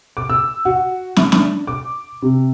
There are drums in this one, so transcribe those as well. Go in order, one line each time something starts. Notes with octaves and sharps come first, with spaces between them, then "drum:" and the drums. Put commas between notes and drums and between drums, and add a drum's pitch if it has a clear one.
D6
E6
F#4
E5, drum: snare
D4, drum: snare
D6
C3